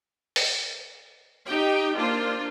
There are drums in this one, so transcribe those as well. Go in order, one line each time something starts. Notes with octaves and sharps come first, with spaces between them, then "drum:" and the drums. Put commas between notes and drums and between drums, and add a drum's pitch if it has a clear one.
drum: open hi-hat
D#4 G4 G5
A#3 D4 F4 C5